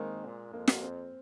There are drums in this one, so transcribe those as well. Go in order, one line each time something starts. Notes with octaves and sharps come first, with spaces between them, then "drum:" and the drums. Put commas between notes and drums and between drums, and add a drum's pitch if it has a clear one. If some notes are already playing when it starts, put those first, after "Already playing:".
Already playing: D#3 G#3 A#3 C4
A#2
F2 A#3
A#3, drum: snare
C4